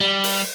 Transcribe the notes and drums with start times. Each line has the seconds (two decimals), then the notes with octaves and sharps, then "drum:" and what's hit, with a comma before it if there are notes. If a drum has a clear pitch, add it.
0.01 G3
0.24 drum: open hi-hat